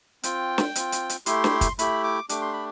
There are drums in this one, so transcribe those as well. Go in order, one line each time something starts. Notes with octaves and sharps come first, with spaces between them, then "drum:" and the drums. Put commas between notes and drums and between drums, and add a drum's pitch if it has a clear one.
C4 F4 G5, drum: hi-hat
drum: snare
C4 F4, drum: hi-hat
drum: hi-hat
drum: hi-hat
A3 E4 G4 C6, drum: hi-hat
drum: snare
drum: kick, hi-hat
A3 E4 G4 B5, drum: hi-hat
D6
A3 D4 G4 D6, drum: hi-hat
C6
B5